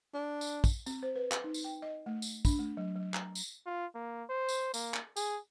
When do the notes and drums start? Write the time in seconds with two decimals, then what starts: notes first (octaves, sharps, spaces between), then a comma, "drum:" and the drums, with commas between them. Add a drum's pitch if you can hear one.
0.14 D4
0.41 drum: tambourine
0.64 drum: kick, tambourine
0.86 C4, drum: tambourine
1.03 C5
1.16 B4
1.32 drum: clap
1.44 D#4
1.54 drum: tambourine
1.64 G5
1.82 D#5
2.06 A3
2.22 drum: tambourine
2.45 D4, drum: kick, tambourine
2.59 A3
2.77 F#3
2.96 F#3
3.14 A#5, drum: clap
3.35 drum: tambourine
3.66 F4
3.95 A#3
4.30 C5
4.49 drum: tambourine
4.74 A#3, drum: tambourine
4.94 drum: clap
5.16 G#4, drum: tambourine